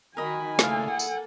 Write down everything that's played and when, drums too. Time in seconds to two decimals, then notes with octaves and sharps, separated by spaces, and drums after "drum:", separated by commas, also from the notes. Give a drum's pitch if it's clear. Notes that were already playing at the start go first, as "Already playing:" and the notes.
0.17 D#3 F#4 A#4 D#5 G#5 B5
0.59 C#3 A3 A#3 E4 G#4 A4 F5, drum: snare
0.88 F#5
0.99 drum: tambourine